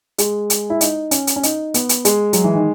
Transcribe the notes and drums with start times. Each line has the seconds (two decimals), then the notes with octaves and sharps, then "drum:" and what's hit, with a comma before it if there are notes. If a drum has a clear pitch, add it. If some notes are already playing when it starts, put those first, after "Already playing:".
0.18 G#3, drum: hi-hat
0.50 drum: hi-hat
0.70 E4
0.81 D#4, drum: hi-hat
1.11 C#4, drum: hi-hat
1.27 drum: hi-hat
1.36 C#4
1.43 D#4, drum: hi-hat
1.74 B3, drum: hi-hat
1.89 drum: hi-hat
2.05 G#3, drum: hi-hat
2.33 F#3, drum: hi-hat
2.44 E3
2.55 D#3